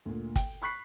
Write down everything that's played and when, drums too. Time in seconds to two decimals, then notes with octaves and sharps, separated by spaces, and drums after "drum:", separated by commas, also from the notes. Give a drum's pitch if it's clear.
0.06 D2 A#2
0.36 G5, drum: kick, hi-hat
0.62 B5 C#6 F#6 B6 C7